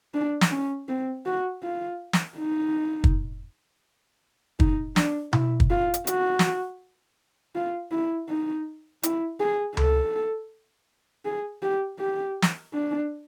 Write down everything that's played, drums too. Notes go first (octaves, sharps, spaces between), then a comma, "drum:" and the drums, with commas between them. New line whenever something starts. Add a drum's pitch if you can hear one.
D4
drum: snare
C#4
C4
F#4
F4
drum: snare
D#4
drum: kick
D#4, drum: kick
D4, drum: snare
E4, drum: tom B2
drum: kick
F4
drum: hi-hat
F#4, drum: hi-hat
drum: snare
F4
E4
D#4
E4, drum: hi-hat
G#4
A4, drum: tom C#2
G#4
G4
G4
drum: snare
D4